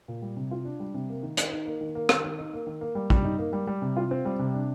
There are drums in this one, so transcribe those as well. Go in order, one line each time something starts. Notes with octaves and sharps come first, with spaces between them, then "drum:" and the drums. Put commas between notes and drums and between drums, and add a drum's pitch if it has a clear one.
A#2
G3
C3
F4
D4
G3
C3
A#3
D#3
D#3, drum: hi-hat
D#4
A#3
D#3
A#3
D#3, drum: rim click
D#3
D#4
A#3
D#3
A#3
G3
G3, drum: kick
D#4
A#3
G3
G3
C3
F4
C4
G3
C3
D4